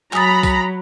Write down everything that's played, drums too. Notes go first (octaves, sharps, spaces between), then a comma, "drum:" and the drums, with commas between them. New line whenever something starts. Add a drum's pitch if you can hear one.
F#3 G#5 A#5 B5 D#6 A6, drum: clap
drum: kick, tambourine